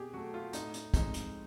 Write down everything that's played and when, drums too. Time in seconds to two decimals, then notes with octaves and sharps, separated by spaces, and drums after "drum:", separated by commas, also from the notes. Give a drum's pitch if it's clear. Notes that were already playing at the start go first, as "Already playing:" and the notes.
Already playing: B2 G4 G#4
0.13 F#3 A3 F#4
0.34 F4
0.53 A2 D#4, drum: hi-hat
0.74 drum: hi-hat
0.94 F3 G#3 C4 D#4, drum: kick, hi-hat
1.14 drum: hi-hat